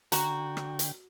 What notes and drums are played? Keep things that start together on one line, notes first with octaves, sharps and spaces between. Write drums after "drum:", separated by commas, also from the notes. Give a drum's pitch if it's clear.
D3 F#4 G5 A#5, drum: hi-hat
drum: rim click
drum: hi-hat